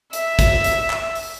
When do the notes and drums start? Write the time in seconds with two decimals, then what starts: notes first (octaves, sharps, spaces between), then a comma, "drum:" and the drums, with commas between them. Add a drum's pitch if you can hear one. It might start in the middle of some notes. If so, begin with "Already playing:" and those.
0.13 E5, drum: hi-hat
0.39 drum: kick, hi-hat
0.64 drum: hi-hat
0.90 drum: clap
1.15 drum: open hi-hat